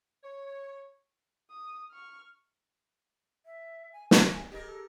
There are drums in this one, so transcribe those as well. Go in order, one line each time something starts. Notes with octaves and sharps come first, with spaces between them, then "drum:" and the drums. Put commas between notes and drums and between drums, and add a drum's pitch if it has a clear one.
C#5
D#6
C#6 F6
E5
G#5
G#5, drum: snare
G4 G#4 A#4 D#5
A4